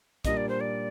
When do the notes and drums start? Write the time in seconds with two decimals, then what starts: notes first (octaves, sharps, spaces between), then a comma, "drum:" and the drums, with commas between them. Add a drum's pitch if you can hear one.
0.25 A#2 G3 A#3 D4 D#5, drum: kick, hi-hat
0.37 D5
0.49 C5
0.60 D5